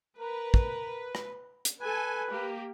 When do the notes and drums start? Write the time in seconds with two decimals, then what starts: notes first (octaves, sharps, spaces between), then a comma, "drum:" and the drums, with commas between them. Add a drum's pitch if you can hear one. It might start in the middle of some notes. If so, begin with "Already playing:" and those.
0.19 A#4 B4
0.54 drum: kick
1.15 drum: rim click
1.65 drum: hi-hat
1.80 A4 B4 G#5
2.30 A#3 G4